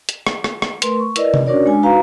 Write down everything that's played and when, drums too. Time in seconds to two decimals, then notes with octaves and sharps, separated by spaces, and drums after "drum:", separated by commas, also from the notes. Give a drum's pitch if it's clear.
0.09 drum: hi-hat
0.27 drum: rim click
0.44 drum: rim click
0.62 drum: rim click
0.82 A3 A#4 B4 C6, drum: hi-hat
1.00 C#6
1.16 E4 A#4 B4 D5 D#5, drum: hi-hat
1.34 drum: tom C3
1.47 C#4 D4 F#4 A#4 C#5 D5
1.66 G#3 D4 G#5
1.83 D#4 F#4 B4 F5 A#5